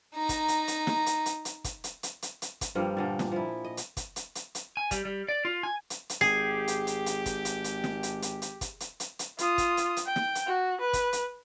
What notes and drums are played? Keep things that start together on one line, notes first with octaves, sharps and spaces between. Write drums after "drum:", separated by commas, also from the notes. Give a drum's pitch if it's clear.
D#4 A#5
drum: kick, hi-hat
drum: hi-hat
drum: hi-hat
drum: snare
drum: hi-hat
drum: hi-hat
drum: hi-hat
drum: kick, hi-hat
drum: hi-hat
drum: hi-hat
drum: hi-hat
drum: hi-hat
drum: kick, hi-hat
G2 F3 G3 A#3
A#2 D3 A#3
drum: snare
F3 E4
D#5
drum: hi-hat
drum: kick, hi-hat
drum: hi-hat
drum: hi-hat
drum: hi-hat
G#5
G3, drum: kick, hi-hat
G3
D5
F4
G#5
drum: hi-hat
drum: hi-hat
G#1 G4 G#4 C7
drum: hi-hat
drum: hi-hat
drum: hi-hat
drum: kick, hi-hat
drum: hi-hat
drum: hi-hat
drum: snare
drum: hi-hat
drum: hi-hat
drum: hi-hat
drum: kick, hi-hat
drum: hi-hat
drum: hi-hat
drum: hi-hat
F4 D#6, drum: hi-hat
drum: kick, hi-hat
drum: hi-hat
drum: hi-hat
G5
drum: snare
drum: hi-hat
F#4
B4
drum: kick, hi-hat
drum: hi-hat